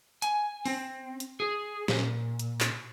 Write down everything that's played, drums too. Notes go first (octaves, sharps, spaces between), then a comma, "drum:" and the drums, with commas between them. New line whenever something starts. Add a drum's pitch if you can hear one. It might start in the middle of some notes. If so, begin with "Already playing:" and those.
G#5, drum: hi-hat
C4, drum: open hi-hat
drum: hi-hat
G#4
A#2, drum: snare
drum: hi-hat
drum: clap